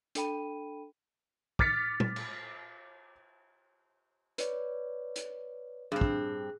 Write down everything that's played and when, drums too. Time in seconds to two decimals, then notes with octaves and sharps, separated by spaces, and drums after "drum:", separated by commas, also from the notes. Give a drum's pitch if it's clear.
0.15 D4 A4 G5 B5 D#7, drum: hi-hat
1.59 D6 F6 A6 B6 C#7, drum: kick
2.00 drum: tom
2.16 drum: cymbal
4.38 B4 C#5 D5, drum: hi-hat
5.16 drum: hi-hat
5.92 G2 C4 G#4 F#6
6.01 drum: kick